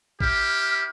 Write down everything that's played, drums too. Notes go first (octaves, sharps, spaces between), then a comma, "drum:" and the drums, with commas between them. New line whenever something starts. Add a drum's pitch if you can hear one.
E4 G4 F6, drum: kick